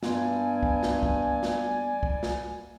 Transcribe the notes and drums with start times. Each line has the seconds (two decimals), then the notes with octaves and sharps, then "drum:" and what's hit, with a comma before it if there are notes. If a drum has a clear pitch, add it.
0.03 G2 G3 B3 D5 G#5 C6, drum: snare
0.63 drum: kick
0.83 drum: snare
1.03 drum: kick
1.43 drum: snare
2.03 drum: kick
2.23 drum: snare